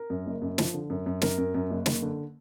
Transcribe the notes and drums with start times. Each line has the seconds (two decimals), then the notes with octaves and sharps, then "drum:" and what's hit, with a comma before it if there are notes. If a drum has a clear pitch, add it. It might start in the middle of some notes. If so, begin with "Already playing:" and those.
Already playing: A#4
0.10 F#2
0.26 F#1
0.42 F#2
0.58 F3, drum: snare
0.74 D3
0.90 F#2
1.06 F#2
1.22 F#2 A#4, drum: snare
1.38 F#2
1.54 F#2
1.70 F#1
1.86 F#1, drum: snare
2.02 D3